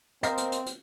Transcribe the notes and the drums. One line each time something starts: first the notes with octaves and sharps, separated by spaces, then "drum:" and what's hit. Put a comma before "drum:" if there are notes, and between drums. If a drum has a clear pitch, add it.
C4 A#4 C5 D#5 F5, drum: hi-hat
drum: hi-hat
drum: hi-hat
drum: hi-hat